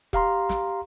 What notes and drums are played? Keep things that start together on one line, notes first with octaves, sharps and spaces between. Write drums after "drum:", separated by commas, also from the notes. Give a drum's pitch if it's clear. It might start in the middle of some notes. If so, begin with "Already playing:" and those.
G4 F5 A#5 C6, drum: kick E1
drum: snare